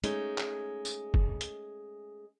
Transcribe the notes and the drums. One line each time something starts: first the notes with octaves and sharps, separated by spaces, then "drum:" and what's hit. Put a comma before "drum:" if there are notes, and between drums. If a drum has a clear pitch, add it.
G#3 A3 C#4 D#4, drum: hi-hat
drum: clap
drum: tambourine
drum: kick
drum: hi-hat